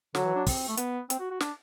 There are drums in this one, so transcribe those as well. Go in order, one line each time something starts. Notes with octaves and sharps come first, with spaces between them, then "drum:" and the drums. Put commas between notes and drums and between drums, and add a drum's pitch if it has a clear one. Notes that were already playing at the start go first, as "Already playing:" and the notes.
D3 F#3, drum: snare
E3
D4
C4, drum: kick, open hi-hat
A3
B3, drum: hi-hat
C4, drum: hi-hat
F#4
F#4
D4, drum: snare